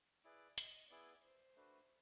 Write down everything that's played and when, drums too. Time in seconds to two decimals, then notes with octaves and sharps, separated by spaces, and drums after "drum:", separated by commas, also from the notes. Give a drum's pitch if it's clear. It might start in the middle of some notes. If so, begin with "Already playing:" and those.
0.24 E4 G#4 B4 D5
0.58 D#5, drum: hi-hat
0.90 B3 E4 G#4 D5
1.23 C5
1.56 A3 D4 F#4 B4